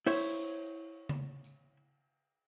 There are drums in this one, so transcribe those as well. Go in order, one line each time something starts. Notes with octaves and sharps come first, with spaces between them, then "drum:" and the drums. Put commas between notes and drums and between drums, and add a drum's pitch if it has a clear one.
E4 C5 C#5, drum: cymbal
drum: tom C#3
drum: tambourine